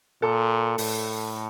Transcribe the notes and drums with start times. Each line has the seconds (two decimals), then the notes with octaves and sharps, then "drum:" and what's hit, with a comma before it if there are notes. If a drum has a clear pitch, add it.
0.22 A#2 A4
0.78 A2, drum: open hi-hat